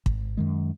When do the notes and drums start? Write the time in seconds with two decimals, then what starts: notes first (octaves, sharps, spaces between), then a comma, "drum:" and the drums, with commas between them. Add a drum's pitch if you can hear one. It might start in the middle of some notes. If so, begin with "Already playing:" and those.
0.06 G#1, drum: kick
0.37 F#2 D#3 G#3